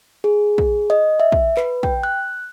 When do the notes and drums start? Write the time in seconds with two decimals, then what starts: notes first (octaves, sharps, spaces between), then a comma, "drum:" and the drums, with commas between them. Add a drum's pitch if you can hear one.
0.24 G#4
0.58 drum: kick
0.90 D#5
1.20 E5
1.32 drum: kick
1.57 B4, drum: clap
1.83 G5, drum: kick
2.03 F#6